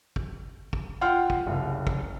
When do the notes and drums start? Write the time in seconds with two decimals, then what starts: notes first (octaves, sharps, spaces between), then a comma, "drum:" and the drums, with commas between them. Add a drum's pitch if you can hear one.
0.16 drum: kick
0.73 drum: kick
1.01 F4 F#5 G5 C6 F6
1.30 drum: kick
1.47 F#1 C2
1.87 drum: kick